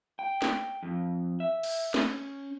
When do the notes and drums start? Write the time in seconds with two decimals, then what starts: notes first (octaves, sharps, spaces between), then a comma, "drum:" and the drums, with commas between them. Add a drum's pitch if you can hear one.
0.19 G5
0.42 drum: snare
0.83 F2
1.40 E5
1.63 drum: cymbal
1.94 C#4, drum: snare